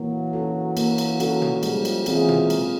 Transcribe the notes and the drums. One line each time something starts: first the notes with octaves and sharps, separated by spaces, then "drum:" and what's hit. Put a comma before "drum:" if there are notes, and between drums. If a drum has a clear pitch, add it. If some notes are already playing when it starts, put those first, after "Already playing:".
Already playing: E3 F#3 A#3
C#4 F#4 A4
A#3, drum: cymbal
drum: cymbal
C#4 F#4 A4, drum: cymbal
drum: tom
F3 G3 G#3, drum: cymbal
drum: cymbal
E3 F#3 C4 F4 G#4, drum: cymbal
drum: tom
G#3, drum: cymbal